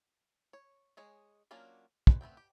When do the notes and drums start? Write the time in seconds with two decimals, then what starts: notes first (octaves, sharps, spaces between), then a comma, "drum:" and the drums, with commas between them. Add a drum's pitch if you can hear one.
0.53 C#5
0.97 G#3 G#4 C#5
1.51 F#3 A#3 C#4 D4 F4
2.07 B4 C5, drum: kick
2.21 A3 B3 C4 G5
2.37 G4